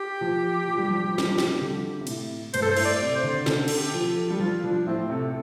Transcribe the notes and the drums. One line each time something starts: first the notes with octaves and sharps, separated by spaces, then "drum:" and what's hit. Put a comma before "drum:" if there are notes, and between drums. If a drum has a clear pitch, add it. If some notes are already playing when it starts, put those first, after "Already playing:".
Already playing: G4
F3
F3
G3
F3
G3
F3
G3, drum: snare
F3
G3, drum: snare
F3
D3
C3
A2, drum: cymbal
G2 C5, drum: cymbal
A4
C5
A2, drum: cymbal
D5
C3
C5
D3
D3 A4, drum: snare
A4, drum: cymbal
G4
F3
A4
G3
F3 F4
F3 D4
A2 C4
C3 A4